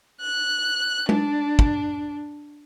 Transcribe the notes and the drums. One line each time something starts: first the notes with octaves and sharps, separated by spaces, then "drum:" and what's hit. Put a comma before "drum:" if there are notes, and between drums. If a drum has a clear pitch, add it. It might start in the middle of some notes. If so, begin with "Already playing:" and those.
F#6
D4, drum: tom G#3
drum: kick